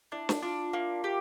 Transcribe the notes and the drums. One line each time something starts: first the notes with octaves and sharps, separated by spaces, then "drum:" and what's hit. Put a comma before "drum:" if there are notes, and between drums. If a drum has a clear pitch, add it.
D4 E4
drum: snare
D4 F4
A#3
G4